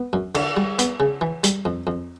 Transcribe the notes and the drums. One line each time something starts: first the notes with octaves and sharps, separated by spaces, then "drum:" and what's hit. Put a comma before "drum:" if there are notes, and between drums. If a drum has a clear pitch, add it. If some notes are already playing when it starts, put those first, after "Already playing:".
Already playing: B3
F#2
D3, drum: cymbal
G3
B3, drum: hi-hat
C#3
E3
G3, drum: hi-hat
F2
F2